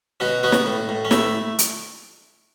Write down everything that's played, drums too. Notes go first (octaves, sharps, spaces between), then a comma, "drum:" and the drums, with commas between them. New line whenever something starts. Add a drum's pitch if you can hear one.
B2 C#4 F#4
B3 C#4 F#4
drum: snare
A2
A2
C#4
A3 E4, drum: snare
drum: hi-hat